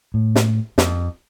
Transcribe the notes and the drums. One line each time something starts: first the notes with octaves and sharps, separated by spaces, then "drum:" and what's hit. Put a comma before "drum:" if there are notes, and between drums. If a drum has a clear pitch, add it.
A2
drum: snare
F2, drum: snare